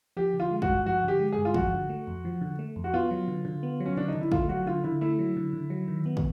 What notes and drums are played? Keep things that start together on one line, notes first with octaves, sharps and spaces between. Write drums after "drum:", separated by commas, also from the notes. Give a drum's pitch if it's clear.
F3 G4
D3
F4
G#3
F#4, drum: kick
G2
F3 F#4
D3 G4
G#3
G#4
G2
F4
F3 F#4, drum: kick
D3
A3
F2
F3
D3
A3
F2
F#4
B3 F4
F#3
D3
D3
B3
F#3
C#4
D3 D4
D#4
D3
E4
A3 F4, drum: kick
F#3 F#4
D3 F4
D3 E4
A3 E4
F#3
D3
D3
F#3
D#3
B3
drum: kick